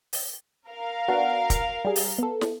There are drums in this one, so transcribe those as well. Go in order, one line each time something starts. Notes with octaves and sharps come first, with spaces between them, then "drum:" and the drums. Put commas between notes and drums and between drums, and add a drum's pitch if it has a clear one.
drum: open hi-hat
A#4 F5
B3 D4 F#4
drum: kick, hi-hat
G3 G#4
drum: open hi-hat
B3 A4
drum: snare